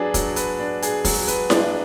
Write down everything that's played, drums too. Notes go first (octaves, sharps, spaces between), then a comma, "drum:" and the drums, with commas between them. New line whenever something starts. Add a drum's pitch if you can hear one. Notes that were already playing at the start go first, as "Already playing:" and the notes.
Already playing: F#3 D4 G#4 B4
F#3, drum: kick, hi-hat
B4, drum: hi-hat
D4
G#4, drum: hi-hat
F#3, drum: kick, open hi-hat
B4, drum: hi-hat
D4, drum: snare E4